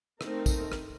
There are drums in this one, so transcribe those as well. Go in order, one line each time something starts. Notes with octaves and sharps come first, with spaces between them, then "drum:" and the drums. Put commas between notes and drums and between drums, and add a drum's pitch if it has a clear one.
A3 C4 D#4 A#4, drum: rim click
drum: kick, tambourine
drum: rim click